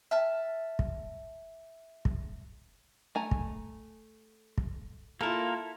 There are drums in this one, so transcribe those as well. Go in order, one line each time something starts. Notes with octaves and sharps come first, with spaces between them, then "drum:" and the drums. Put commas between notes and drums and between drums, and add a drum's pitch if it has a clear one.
E5 A5 F6
drum: kick
drum: kick
A3 G#5 A#5
drum: kick
drum: kick
A#3 E4 F4 A4 A#4